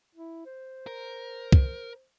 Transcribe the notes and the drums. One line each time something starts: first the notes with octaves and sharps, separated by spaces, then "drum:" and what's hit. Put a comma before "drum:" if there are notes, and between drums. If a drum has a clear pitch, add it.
E4
C5
A#4
drum: kick C2